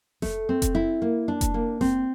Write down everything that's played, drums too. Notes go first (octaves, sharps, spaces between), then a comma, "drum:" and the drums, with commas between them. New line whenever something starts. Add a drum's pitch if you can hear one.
A3, drum: snare F1
C4
drum: kick F1, hi-hat
E4
A#3
D4
drum: kick F1, hi-hat
A#3
C4, drum: snare F1